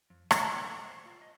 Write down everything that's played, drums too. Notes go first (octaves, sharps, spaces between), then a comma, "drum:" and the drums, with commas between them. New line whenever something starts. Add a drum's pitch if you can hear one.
F2
C#4, drum: rim click
D5
A4
C5
F4
D#5